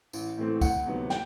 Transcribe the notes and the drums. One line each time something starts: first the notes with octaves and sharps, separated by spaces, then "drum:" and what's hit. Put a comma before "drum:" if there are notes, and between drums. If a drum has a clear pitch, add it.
A1, drum: tambourine
A2 E3 A3 C4
D2 F#5, drum: kick, tambourine
C3 D#3 F#3 B3
G5, drum: snare